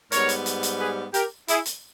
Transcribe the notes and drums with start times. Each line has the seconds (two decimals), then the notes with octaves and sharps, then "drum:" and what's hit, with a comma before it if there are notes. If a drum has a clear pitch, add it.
0.12 G#2 G3 B3 A#4 C#5, drum: hi-hat
0.29 drum: hi-hat
0.46 drum: hi-hat
0.63 drum: hi-hat
0.80 G#4 B4
1.14 G4 A#4, drum: hi-hat
1.48 E4 G#4, drum: hi-hat
1.66 drum: hi-hat